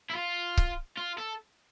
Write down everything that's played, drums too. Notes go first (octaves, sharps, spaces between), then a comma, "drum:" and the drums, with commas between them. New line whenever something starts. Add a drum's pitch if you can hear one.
E4
F4
drum: kick C#1
F4
A4